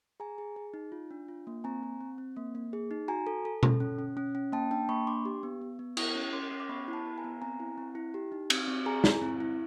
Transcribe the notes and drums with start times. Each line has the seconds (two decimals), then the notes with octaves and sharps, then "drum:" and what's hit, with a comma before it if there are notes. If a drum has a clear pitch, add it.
0.20 G#4 G#5 A#5
0.38 G#4
0.56 G#4
0.74 D#4
0.92 F4
1.11 D4
1.28 F4
1.47 A#3
1.64 C4 G#5 A#5
1.83 C4
2.00 C4
2.18 C4
2.36 A#3
2.55 A#3
2.73 G#4
2.91 D#4
3.08 F#4 G#5 A#5
3.27 A4
3.45 A4
3.63 A4, drum: tom B2
3.80 C#4
3.99 C#4
4.17 C#4
4.35 C#4
4.52 A#3 G5 A5
4.71 D4 G5 A5
4.89 A#3 B5 C#6
5.07 D4 C6 D6
5.25 G4
5.43 B3
5.62 B3
5.79 B3
5.97 E4 C#6 D#6, drum: cymbal
6.15 C#4
6.33 C#4 C6 D6
6.51 C#4 D#6
6.60 D6
6.69 B3 B5 C#6
6.88 E4
6.93 A5 B5
7.06 B3
7.18 G#5 A#5
7.24 B3
7.41 C4 G#5 A#5
7.60 E4
7.78 C4
7.95 E4
8.14 G4
8.32 D#4
8.50 C4, drum: cymbal
8.68 C4
8.86 G#4 G#5 A#5
9.04 E4, drum: snare
9.22 C4
9.40 E4